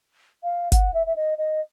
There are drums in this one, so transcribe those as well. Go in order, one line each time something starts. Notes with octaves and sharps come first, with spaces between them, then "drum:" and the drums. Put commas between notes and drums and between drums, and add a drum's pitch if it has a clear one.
F5
F#5, drum: kick, hi-hat
E5
E5
D#5
D#5